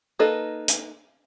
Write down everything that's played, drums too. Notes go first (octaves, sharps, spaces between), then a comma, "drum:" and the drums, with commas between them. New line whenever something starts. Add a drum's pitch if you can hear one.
A#3 D#4 A4 B4 D#5
drum: hi-hat